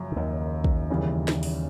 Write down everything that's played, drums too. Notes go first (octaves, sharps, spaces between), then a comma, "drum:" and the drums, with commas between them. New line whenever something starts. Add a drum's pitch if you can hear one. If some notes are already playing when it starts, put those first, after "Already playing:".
Already playing: F#1 F#2 C#3 F3
D3
D#2 D#3
drum: kick
F#1 E2 C#3 E3 G3
drum: snare
drum: open hi-hat